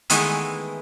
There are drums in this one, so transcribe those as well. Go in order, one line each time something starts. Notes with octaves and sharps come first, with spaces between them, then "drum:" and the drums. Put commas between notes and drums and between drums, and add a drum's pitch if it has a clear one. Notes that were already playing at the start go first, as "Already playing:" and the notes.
D#3 E3 G#3 A3 B3 E4, drum: hi-hat